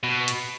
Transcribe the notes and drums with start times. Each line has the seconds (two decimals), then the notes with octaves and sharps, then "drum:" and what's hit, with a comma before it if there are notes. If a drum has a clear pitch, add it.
0.03 B2
0.28 drum: hi-hat